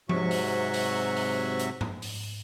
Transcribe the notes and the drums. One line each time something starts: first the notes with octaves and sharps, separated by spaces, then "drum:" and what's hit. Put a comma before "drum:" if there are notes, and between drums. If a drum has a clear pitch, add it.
G#2 C3 F#3 F#4 E5 C#6, drum: tom F3
drum: open hi-hat
drum: open hi-hat
drum: open hi-hat
drum: hi-hat
drum: tom G#2
drum: open hi-hat